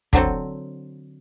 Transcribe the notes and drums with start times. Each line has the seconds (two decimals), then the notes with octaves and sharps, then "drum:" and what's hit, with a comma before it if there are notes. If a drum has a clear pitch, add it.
0.13 D3 F#3 C4 A4, drum: kick